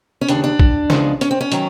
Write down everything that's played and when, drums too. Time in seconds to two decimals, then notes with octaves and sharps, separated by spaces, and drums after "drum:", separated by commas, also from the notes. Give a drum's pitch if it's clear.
0.21 C#4
0.28 D#2 C#3 E3 D4, drum: hi-hat
0.44 D4
0.59 drum: kick
0.90 E2 C#3 F3 G#3, drum: snare
1.21 C#4, drum: hi-hat
1.31 C4
1.41 C#4
1.52 D#3 F#3, drum: hi-hat